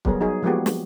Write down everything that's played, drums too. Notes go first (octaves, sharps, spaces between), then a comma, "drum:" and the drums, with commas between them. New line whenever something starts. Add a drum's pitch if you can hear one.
F#3 G3 B3 G#4 A#4 C#5, drum: kick
F#3 D#4 F#4 G#4 C#5
F3 G#3 A#3 B3 F#4 G4
drum: snare